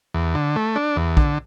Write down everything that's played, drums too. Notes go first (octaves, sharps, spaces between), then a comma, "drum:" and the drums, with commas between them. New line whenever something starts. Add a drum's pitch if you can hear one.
E2
D3
A3
D4
E2
D3, drum: kick A#1